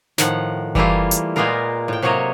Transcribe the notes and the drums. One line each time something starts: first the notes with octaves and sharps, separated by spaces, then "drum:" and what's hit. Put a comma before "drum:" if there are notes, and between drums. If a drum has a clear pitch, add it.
A2 D#3 F3 F#5, drum: snare
E3 G3 A3 A#3 E4 F4, drum: kick F#1
drum: hi-hat
A#2 G#3 A#3 B3 F4 A#4
A2 G5
C3 F#3 A#3 C#5 D#5